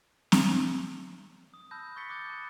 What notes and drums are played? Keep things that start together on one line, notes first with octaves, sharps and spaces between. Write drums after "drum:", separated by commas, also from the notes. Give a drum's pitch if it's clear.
drum: snare C4
D#6
A5 B5 E6 F#6 G6 A#6
C#6 G6 A6 B6 C#7 G7
D6 D#6 F#6 G6 A6
A5 B5